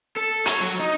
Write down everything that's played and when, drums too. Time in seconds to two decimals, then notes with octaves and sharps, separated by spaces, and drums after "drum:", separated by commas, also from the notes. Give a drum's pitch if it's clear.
0.17 A4
0.46 C#5, drum: hi-hat
0.61 F#3
0.80 D#4